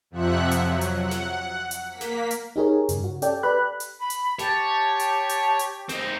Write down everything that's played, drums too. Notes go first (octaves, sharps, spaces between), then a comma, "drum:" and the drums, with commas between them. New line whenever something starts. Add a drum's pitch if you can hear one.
F2 C3 F3 E5 F#5 F#6
drum: hi-hat
F#3
drum: hi-hat
F#5
drum: snare
drum: hi-hat
A#3 B6
drum: snare
drum: hi-hat
D#4 G4 G#4 A#4 C#5
G2 C#3, drum: hi-hat
F#4
C#4 G4 A4 D5 G5, drum: hi-hat
G4 A4 B4 D5 B5 F#6
drum: hi-hat
B5
drum: hi-hat
G4 C#5 A5, drum: snare
drum: hi-hat
drum: hi-hat
drum: hi-hat
C4 D#4, drum: snare